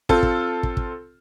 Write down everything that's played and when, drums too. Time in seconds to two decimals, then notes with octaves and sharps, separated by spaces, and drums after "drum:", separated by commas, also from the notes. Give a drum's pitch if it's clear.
0.09 C4 F4 A4, drum: kick
0.23 drum: kick
0.63 drum: kick
0.77 drum: kick